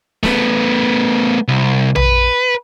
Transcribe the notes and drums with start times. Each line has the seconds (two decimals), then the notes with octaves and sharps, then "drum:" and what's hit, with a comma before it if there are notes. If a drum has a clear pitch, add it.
0.23 A3 B3, drum: snare
1.48 C2
1.96 B4, drum: tom A#1